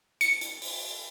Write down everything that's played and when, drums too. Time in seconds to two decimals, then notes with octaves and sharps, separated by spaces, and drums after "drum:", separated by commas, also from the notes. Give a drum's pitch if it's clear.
0.21 C#7, drum: hi-hat
0.41 drum: hi-hat
0.62 drum: open hi-hat